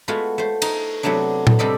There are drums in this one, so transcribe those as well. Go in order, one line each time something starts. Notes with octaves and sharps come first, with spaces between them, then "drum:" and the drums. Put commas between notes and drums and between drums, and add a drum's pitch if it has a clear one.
G#3 A3 B3 F4 F#4
A3 C5
D#4, drum: cymbal
C3 F#3 A3 B3 D4
drum: tom A#2
C3 G3 A4 D5 D#5 B5